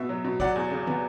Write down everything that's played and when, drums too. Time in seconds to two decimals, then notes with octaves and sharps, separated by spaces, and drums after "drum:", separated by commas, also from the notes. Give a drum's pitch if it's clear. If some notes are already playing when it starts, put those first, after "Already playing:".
Already playing: B2 B3 E5
0.09 F#3
0.24 B2
0.40 F#3 D5 F#5, drum: kick
0.56 E2
0.71 C#3
0.87 B3, drum: tom